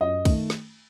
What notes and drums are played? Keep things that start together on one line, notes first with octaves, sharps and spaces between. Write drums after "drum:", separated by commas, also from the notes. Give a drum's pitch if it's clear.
F#2 D#5
D#3 A3, drum: kick, cymbal
drum: snare